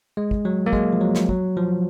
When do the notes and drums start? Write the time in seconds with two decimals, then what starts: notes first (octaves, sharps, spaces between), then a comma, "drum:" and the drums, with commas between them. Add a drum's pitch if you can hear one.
0.17 G#3
0.31 drum: kick
0.45 F#3
0.66 A#3
0.73 G#3, drum: kick
0.93 F3
1.01 F#3
1.15 drum: snare
1.29 F#3, drum: kick
1.57 F3